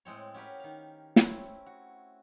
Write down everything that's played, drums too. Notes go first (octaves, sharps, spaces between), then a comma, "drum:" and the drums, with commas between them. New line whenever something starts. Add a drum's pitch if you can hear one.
A2 G#3 C4 C#5
C#4 F#4 G4 A#4 B4
D#3 F5
A3 C4 C#4 E4, drum: snare
F#4